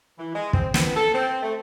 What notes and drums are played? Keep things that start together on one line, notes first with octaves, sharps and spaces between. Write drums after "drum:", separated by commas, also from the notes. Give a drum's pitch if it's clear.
E3
G#3
C4, drum: kick
B3, drum: snare
A4
C4
A3